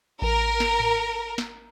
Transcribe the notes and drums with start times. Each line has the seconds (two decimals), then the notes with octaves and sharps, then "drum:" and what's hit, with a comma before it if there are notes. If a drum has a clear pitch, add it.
0.22 A#4, drum: kick A1
0.60 drum: snare
0.80 drum: tom G#2
1.38 drum: snare